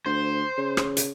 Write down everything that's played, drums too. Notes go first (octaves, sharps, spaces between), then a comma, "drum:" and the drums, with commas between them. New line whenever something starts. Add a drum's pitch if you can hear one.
D2 C5
C#3
drum: rim click
drum: hi-hat